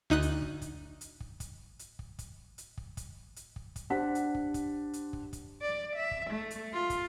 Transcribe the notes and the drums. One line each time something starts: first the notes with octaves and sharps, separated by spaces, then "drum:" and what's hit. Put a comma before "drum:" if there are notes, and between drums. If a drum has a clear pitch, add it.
D2 D#4 D#6 F#6
drum: hi-hat
drum: kick
drum: kick, hi-hat
drum: hi-hat
drum: kick
drum: kick, hi-hat
drum: hi-hat
drum: kick
drum: kick, hi-hat
drum: hi-hat
drum: kick
drum: kick, hi-hat
drum: hi-hat
drum: kick
drum: kick, hi-hat
D4 G4 C5 F#5 B6
drum: hi-hat
drum: kick
drum: kick, hi-hat
drum: hi-hat
drum: kick
drum: kick, hi-hat
D5
E5
drum: kick
A3
drum: hi-hat
F4
drum: kick, hi-hat